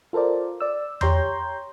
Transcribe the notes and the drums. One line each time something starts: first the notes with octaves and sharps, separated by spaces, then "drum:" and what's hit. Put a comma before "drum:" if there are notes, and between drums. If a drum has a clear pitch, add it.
F4 A4 A#4 C5 D5
D5 E6
G4 C#5 A#5 C6 G6, drum: tom E2